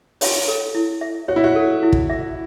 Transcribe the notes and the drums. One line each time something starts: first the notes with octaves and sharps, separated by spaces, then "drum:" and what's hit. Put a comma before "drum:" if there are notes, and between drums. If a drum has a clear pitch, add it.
C#5, drum: open hi-hat
A4
E4
E5
F#4 C#5
E4
F#4
A4
E4
drum: kick
E5